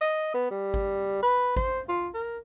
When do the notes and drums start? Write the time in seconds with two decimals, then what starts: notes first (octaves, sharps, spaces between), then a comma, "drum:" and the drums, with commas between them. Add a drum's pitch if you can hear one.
0.01 D#5
0.34 B3
0.51 G3
0.74 drum: kick G#1
1.22 B4
1.56 C5, drum: kick G#1
1.89 F4
2.14 A#4